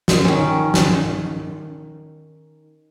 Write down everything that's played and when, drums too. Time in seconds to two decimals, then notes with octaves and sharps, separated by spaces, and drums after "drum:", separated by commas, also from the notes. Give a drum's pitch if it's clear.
0.08 drum: snare
0.25 D#3 C#4
0.74 drum: snare